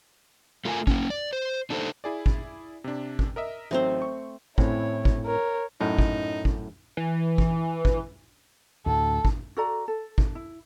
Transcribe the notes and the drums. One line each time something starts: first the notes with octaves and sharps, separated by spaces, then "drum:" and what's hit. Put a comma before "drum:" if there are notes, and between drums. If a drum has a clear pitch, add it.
A3 F4 A#4 G5 G#5
A#3 C#4, drum: kick
D5
C5
D4 D#4 A4 B4 C5
E4 G#4 D5
drum: kick
C3 D4
drum: kick
A#4 D#5 E5
A1 F#3 A3 C4 D#4 C5
C#6
A2 C4 C#4 E4 C#5, drum: kick
drum: kick
A#4 C#5
F#2 A2 D#4
drum: kick
drum: kick
E3
drum: kick
drum: kick
D2 A2 A4
drum: kick
F#4 A4 D5 A#5
A4
drum: kick
E4